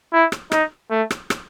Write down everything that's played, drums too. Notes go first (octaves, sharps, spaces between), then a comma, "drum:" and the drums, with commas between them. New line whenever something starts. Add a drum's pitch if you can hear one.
E4
drum: rim click
D#4, drum: rim click
A3
drum: rim click
drum: rim click